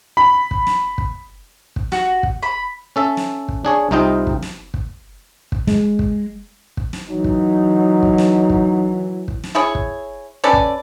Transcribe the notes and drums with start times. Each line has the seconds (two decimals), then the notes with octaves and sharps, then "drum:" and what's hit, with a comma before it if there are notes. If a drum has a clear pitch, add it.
0.17 B5
0.51 drum: kick
0.67 drum: snare
0.98 drum: kick
1.76 drum: kick
1.92 F#4, drum: snare
2.23 drum: kick
2.43 B5
2.96 C#4 A4 E5
3.17 drum: snare
3.48 drum: kick
3.65 D4 G#4 C#5
3.91 C2 C3 D#4 F4 D#5 G5
4.27 drum: kick
4.42 drum: snare
4.74 drum: kick
5.52 drum: kick
5.67 G#3, drum: snare
5.99 drum: kick
6.77 drum: kick
6.93 drum: snare
7.10 E3 F#3 D#4
7.24 drum: kick
8.03 drum: kick
8.18 drum: snare
8.50 drum: kick
9.28 drum: kick
9.44 drum: snare
9.55 E4 G#4 C#5
9.75 drum: kick
10.44 C#4 A4 B4 D5
10.53 drum: kick